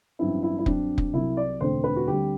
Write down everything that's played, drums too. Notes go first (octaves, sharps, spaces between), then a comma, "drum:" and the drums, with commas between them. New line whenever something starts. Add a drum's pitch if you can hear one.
A1 G2 F#3 C4 E4
E4
E4
G2 F#3 C4 D4, drum: kick
drum: kick
C2 C3 F#3 E4
D5
E1 D2 D3 A3 C4 C5
B4
F#4
D2 D3 G3 C4 G4